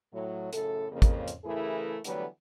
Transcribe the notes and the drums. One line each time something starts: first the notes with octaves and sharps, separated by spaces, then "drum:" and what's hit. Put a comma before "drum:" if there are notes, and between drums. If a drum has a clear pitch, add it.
A2 F#3
F#2 A2 C#3 A4, drum: hi-hat
F2 C#3 A#3
drum: kick, hi-hat
drum: hi-hat
C#3 E3 A3 E4 G#4 A#4
D3 E3 F#3 G3 A3 B3, drum: hi-hat